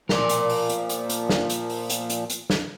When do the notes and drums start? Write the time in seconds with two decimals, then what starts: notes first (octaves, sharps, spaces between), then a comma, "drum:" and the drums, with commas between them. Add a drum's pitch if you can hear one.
0.09 A#2 F3 A#4 D5, drum: snare
0.29 drum: hi-hat
0.49 drum: open hi-hat
0.69 drum: hi-hat
0.89 drum: hi-hat
1.09 drum: hi-hat
1.29 drum: snare
1.49 drum: hi-hat
1.70 drum: open hi-hat
1.90 drum: hi-hat
2.10 drum: hi-hat
2.30 drum: hi-hat
2.50 drum: snare